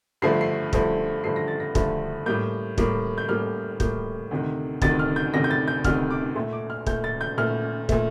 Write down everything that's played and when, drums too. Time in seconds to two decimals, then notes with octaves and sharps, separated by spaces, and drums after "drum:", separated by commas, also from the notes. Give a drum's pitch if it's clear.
0.22 G2 D3 F3 A3 C7
0.41 C7
0.73 G2 D3 F3 A3, drum: kick
1.24 G2 D3 F3 A3 C7
1.36 A#6
1.48 A6
1.60 A#6
1.75 G2 D3 F3 A3, drum: kick
2.26 A2 G3 A#3 G6
2.78 A2 G3 A#3, drum: kick
3.18 G6
3.29 A2 G3 A#3 F6
3.80 A2 G3 A#3 G6, drum: kick
4.31 D2 C3 D#3
4.82 D2 C3 D#3 A6, drum: kick
4.99 F6
5.16 G6
5.34 D2 C3 D#3 A#6
5.44 G6
5.51 A6
5.68 G6
5.84 D2 C3 D#3 F6, drum: kick
6.10 D6
6.35 A#2 A3 C6
6.53 D6
6.70 F6
6.86 A#2 A3 G6, drum: kick
7.04 A6
7.21 G6
7.37 A#2 A3 F6
7.89 A#2 A3, drum: kick